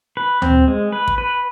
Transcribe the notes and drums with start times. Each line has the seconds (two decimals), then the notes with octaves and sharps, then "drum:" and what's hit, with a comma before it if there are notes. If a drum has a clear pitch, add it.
0.17 B4
0.42 C4, drum: tom D2
0.68 G#3
0.92 B4
1.08 drum: kick
1.18 B4